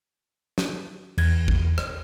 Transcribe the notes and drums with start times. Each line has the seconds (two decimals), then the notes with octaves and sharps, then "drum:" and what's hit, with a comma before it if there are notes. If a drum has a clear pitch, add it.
0.58 drum: snare
1.18 E2 G#6, drum: cymbal
1.48 drum: kick
1.78 drum: rim click